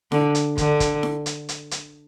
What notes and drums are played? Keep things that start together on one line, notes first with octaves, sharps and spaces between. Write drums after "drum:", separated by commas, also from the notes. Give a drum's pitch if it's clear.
D3, drum: snare E4
drum: hi-hat
D3, drum: kick, hi-hat
drum: kick, hi-hat
drum: snare E4
drum: hi-hat
drum: hi-hat
drum: hi-hat